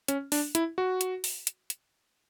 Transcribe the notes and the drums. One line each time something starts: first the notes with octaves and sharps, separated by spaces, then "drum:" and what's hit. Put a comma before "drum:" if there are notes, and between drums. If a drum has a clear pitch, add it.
C#4, drum: hi-hat
D4, drum: open hi-hat
E4, drum: hi-hat
F#4
drum: hi-hat
drum: open hi-hat
drum: hi-hat
drum: hi-hat